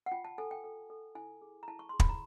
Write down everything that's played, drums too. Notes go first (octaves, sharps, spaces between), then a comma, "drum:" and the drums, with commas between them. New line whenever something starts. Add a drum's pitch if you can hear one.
F#5
F4 G5
A5
A4 G#5
G5
A4
A4
E4 G#5
G#4
A#5
E4 A5
C#6
G#4 C6
B5, drum: kick
A#5